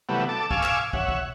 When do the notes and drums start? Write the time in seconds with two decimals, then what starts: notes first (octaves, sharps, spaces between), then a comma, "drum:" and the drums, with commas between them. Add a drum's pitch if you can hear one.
0.09 C3 E3 F#3 G3 A3 B3
0.29 A4 A5 D6
0.51 F5 G#5 C#6 D6 E6, drum: kick
0.63 drum: clap
0.93 C#5 E5 F#5, drum: kick
1.08 drum: kick